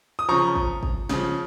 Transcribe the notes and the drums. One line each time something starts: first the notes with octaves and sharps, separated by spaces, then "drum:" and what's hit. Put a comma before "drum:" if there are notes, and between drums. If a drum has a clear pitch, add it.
D#6
C#3 F3 A#5 C#6
drum: kick
drum: kick
C#3 F3, drum: snare